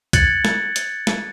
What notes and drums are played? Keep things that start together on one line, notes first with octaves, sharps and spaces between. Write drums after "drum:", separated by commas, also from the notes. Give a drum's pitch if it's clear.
F#6 G#6 A6 C#7 F#7, drum: kick C2, hi-hat
drum: snare
drum: hi-hat
drum: snare